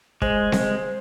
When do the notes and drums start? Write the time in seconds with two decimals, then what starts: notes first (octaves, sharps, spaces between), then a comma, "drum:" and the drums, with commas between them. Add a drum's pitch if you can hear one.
0.22 G#3 C5, drum: kick
0.52 drum: snare C4